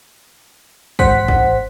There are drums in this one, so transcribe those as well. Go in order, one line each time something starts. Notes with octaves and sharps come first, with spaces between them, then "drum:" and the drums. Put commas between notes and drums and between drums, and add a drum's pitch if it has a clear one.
G#1 C5 F#5 B6, drum: kick A1
drum: kick A1